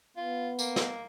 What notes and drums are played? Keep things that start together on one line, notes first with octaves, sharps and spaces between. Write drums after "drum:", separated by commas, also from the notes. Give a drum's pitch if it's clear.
B3 F4
A#3, drum: tambourine
drum: snare